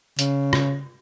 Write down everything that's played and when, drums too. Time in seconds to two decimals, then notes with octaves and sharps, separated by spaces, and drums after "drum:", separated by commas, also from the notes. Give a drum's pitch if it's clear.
0.19 C#3, drum: hi-hat
0.53 drum: rim click